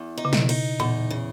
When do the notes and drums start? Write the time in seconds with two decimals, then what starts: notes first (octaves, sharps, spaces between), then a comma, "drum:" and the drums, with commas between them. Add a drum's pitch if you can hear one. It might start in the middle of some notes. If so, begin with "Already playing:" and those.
Already playing: E2
0.18 D#4
0.25 C#3
0.33 B2, drum: snare
0.49 D#4, drum: cymbal
0.80 E2 A#2
1.10 C#3